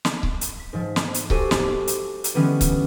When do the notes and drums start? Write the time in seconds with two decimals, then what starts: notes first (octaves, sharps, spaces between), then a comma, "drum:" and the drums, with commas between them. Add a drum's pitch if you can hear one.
0.05 drum: snare
0.23 drum: kick C#1
0.41 drum: hi-hat
0.60 B6
0.73 G#2 F3
0.96 drum: snare
1.14 drum: hi-hat
1.30 F#4 G4 A4 C5 G#5, drum: kick C#1
1.51 drum: snare
1.87 drum: hi-hat
2.24 drum: hi-hat
2.34 D3 E3 G3 G#3 B3 C#4
2.61 drum: kick C#1, hi-hat